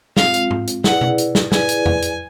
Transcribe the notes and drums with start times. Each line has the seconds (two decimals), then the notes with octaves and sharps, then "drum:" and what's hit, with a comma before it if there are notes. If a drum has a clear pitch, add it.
0.17 G#3 C4 F4 F5, drum: snare
0.34 drum: hi-hat
0.51 drum: tom G#2
0.67 drum: hi-hat
0.84 E4 G#4 B4 D5 F#5, drum: snare
1.01 drum: tom B2
1.18 drum: hi-hat
1.35 drum: snare
1.52 E4 G#4 B4 D5 G#5, drum: snare
1.69 drum: hi-hat
1.86 drum: tom E2
2.02 drum: hi-hat